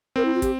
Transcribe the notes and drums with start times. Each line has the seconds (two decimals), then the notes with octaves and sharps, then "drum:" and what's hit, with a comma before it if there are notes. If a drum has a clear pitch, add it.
0.16 C4 A#4
0.25 E4
0.35 F4
0.42 G4, drum: kick, hi-hat